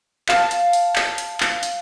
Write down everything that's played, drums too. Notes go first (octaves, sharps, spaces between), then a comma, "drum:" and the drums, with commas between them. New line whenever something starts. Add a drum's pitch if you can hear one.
F5 A5, drum: clap
drum: hi-hat
drum: hi-hat
drum: clap
drum: hi-hat
drum: clap
drum: hi-hat